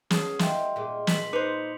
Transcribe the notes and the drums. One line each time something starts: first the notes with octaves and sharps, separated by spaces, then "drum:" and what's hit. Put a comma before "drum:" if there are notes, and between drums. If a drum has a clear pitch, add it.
B3 C#4 G#4 A5, drum: snare
G3 A3 D#4 F5 G5 C6, drum: snare
A#2 G#3
B6 F#7, drum: snare
D#4 B4 C5 D6 C#7 F7